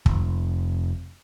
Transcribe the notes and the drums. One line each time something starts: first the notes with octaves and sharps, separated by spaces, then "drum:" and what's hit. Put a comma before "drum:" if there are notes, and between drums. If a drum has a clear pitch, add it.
F1, drum: kick